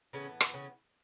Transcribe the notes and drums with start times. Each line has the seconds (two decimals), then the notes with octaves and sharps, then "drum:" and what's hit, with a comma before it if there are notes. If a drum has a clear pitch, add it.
0.13 A2 C#3 E3 B3 C#4
0.41 drum: rim click
0.53 C#3 C#4